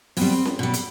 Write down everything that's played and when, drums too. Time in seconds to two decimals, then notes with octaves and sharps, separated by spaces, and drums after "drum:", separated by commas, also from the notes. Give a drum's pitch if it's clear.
0.17 B2 G3 C4, drum: open hi-hat
0.45 drum: snare C#4
0.59 B2 G3
0.73 drum: hi-hat